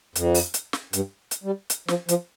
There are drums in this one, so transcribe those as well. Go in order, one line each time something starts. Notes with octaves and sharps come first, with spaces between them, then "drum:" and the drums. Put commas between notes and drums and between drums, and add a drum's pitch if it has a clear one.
F2, drum: hi-hat
drum: open hi-hat
drum: hi-hat
drum: snare
G2, drum: hi-hat
drum: hi-hat
G3
drum: hi-hat
F3, drum: snare
F3, drum: hi-hat